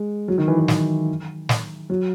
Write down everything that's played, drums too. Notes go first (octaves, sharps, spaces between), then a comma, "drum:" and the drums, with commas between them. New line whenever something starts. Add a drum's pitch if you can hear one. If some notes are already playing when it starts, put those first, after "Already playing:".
Already playing: G#3
F#3
D#3
E3
E3
D#3, drum: snare
drum: snare
F#3